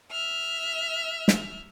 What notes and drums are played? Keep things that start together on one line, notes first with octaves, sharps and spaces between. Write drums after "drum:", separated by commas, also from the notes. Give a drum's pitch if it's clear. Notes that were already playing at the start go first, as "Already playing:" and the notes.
E5 F6
drum: snare